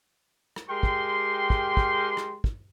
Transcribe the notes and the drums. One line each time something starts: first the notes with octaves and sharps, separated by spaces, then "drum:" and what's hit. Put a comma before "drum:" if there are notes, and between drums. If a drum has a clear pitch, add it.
drum: rim click
G#3 G4 A#4 G5 C6
drum: kick
drum: kick
drum: kick
drum: rim click
drum: kick